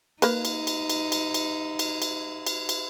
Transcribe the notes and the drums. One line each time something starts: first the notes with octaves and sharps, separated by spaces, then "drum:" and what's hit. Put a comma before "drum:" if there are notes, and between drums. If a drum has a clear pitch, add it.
A#3 D#4 B4, drum: cymbal
drum: cymbal
drum: cymbal
drum: cymbal
drum: cymbal
drum: cymbal
drum: cymbal
drum: cymbal
drum: cymbal
drum: cymbal